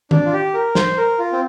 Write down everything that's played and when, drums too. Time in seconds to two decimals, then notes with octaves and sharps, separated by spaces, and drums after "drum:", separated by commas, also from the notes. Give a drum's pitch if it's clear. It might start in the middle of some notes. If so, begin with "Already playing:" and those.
0.11 D4, drum: tom D#3
0.25 F4
0.33 G4
0.54 A#4
0.75 C5, drum: snare
0.97 A#4
1.19 F4
1.33 C4